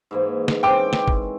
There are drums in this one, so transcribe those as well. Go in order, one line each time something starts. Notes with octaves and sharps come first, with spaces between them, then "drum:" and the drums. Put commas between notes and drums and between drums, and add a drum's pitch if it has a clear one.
G#2 E3 A#3
drum: snare
C4 C#4 G5 D6
drum: snare
drum: kick